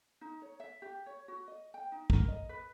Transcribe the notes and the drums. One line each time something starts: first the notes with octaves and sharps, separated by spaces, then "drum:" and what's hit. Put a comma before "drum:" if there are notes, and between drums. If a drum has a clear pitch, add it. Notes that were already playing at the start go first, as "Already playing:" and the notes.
D#4
C#5
E5
G4
C#5
F#4
D#5
G5
D#4
A#4, drum: kick
D#5
B4